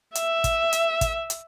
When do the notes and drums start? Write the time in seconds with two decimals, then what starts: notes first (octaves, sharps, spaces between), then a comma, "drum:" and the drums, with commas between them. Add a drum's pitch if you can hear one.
0.15 E5, drum: hi-hat
0.44 drum: kick, hi-hat
0.73 drum: hi-hat
1.01 drum: kick, hi-hat
1.30 drum: hi-hat